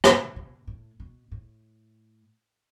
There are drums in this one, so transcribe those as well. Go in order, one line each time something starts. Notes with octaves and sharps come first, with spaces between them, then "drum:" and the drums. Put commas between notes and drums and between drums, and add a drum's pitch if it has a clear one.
B2, drum: rim click
B2
A2
B2
A2